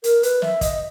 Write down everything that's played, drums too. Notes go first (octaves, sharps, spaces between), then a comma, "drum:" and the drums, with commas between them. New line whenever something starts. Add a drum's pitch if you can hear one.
A#4, drum: hi-hat
B4, drum: hi-hat
E5, drum: snare
D#5, drum: kick, hi-hat